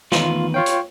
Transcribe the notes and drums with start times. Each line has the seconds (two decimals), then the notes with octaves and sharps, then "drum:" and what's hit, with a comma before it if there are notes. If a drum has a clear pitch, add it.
0.12 E2 D#3 F4 B4, drum: snare
0.54 F4 C#5 F5 G5
0.66 drum: hi-hat